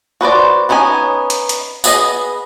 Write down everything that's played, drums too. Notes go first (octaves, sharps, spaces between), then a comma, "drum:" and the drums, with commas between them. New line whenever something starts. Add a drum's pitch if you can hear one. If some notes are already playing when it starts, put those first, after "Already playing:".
F#4 B4 C5 D5
B3 C#4 D#4 B4 G#5
drum: hi-hat
drum: hi-hat
B3 G#4 D#5, drum: tambourine